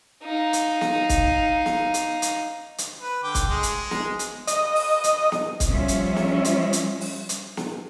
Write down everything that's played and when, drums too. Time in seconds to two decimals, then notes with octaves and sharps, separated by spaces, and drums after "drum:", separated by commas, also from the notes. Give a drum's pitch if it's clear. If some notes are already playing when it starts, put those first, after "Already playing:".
0.24 D#4 F5
0.53 drum: hi-hat
0.81 drum: snare
1.09 drum: kick C#1, hi-hat
1.66 drum: snare
1.94 drum: hi-hat
2.22 drum: hi-hat
2.78 drum: hi-hat
3.00 B4
3.24 D3 G5 D6
3.35 drum: kick C#1, hi-hat
3.49 G#3
3.63 drum: hi-hat
3.91 drum: snare
4.19 drum: hi-hat
4.47 D#5, drum: hi-hat
4.76 drum: open hi-hat
5.04 drum: hi-hat
5.32 drum: snare
5.60 drum: kick C#1, hi-hat
5.71 F3 G3 C#4 E5
5.88 drum: hi-hat
6.16 drum: snare
6.45 drum: hi-hat
6.73 drum: hi-hat
7.01 drum: open hi-hat
7.29 drum: hi-hat
7.57 drum: snare